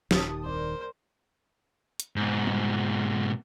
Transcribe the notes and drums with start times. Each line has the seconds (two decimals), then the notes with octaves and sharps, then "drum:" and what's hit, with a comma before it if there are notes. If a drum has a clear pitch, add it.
0.11 D#1 D#3 G4 A5 D#6, drum: snare
0.45 C2 A#4 C5 D5
2.00 drum: hi-hat
2.16 G#2 B2
2.47 drum: tom G3